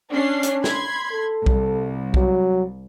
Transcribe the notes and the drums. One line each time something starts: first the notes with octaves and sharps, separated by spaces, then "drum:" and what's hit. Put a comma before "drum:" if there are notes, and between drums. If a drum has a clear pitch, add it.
C#4 D4 C7
drum: hi-hat
B5 C6 G#6, drum: snare
A4
C2, drum: kick B1
F#3, drum: kick B1